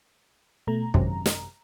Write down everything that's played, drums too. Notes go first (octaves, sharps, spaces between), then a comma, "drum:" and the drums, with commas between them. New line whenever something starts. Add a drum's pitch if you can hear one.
B2 A3 A#5
G#1 F#2 C3 A#5, drum: kick
drum: snare